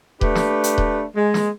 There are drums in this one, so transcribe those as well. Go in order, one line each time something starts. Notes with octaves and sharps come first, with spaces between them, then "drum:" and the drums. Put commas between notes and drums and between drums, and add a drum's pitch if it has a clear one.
A3 D4 G4 B4, drum: kick D#1
drum: snare
drum: hi-hat
drum: kick D#1
G#3
drum: snare